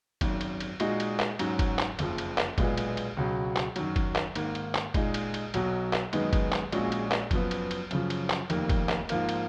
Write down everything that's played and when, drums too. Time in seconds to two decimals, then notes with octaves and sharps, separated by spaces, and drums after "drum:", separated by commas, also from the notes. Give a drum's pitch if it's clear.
0.21 G#1 F#2 D#3, drum: kick, cymbal
0.41 drum: cymbal
0.60 drum: cymbal
0.80 A#2 G#3 D#4 F#4, drum: cymbal
1.00 drum: cymbal
1.20 drum: clap
1.39 G#2 F#3 C#4 F#4, drum: cymbal
1.59 drum: kick, cymbal
1.79 drum: clap
1.99 F#1 F2 F3, drum: cymbal
2.18 drum: cymbal
2.38 drum: clap
2.58 B1 A#2 G#3 B3, drum: kick, cymbal
2.77 drum: cymbal
2.97 drum: cymbal
3.17 C#2 B2 F#3
3.56 drum: clap
3.76 F#2 D#3 F#3, drum: cymbal
3.96 drum: kick, cymbal
4.16 drum: clap
4.35 G#2 D#3 A#3, drum: cymbal
4.55 drum: cymbal
4.75 drum: clap
4.94 A#2 G#3 D#4, drum: kick, cymbal
5.14 drum: cymbal
5.34 drum: cymbal
5.54 B1 B2 F#3, drum: cymbal
5.93 drum: clap
6.13 F#2 D#3 G#3 B3 D#4, drum: cymbal
6.33 drum: kick, cymbal
6.52 drum: clap
6.72 A#1 A#2 G#3 C#4 F#4, drum: cymbal
6.92 drum: cymbal
7.12 drum: clap
7.31 F#2 F3 B3, drum: kick, cymbal
7.51 drum: cymbal
7.71 drum: cymbal
7.91 F#2 C#3 F3, drum: cymbal
8.10 drum: cymbal
8.30 drum: clap
8.50 F1 F2 D#3 A#3, drum: cymbal
8.69 drum: kick, cymbal
8.89 drum: clap
9.09 G#2 F3 A#3 F4, drum: cymbal
9.29 drum: cymbal